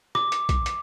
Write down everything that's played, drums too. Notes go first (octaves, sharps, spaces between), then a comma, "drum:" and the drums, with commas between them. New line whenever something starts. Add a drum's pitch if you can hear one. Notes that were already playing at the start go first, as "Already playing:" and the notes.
D6, drum: rim click
drum: hi-hat
drum: kick B1, hi-hat
drum: hi-hat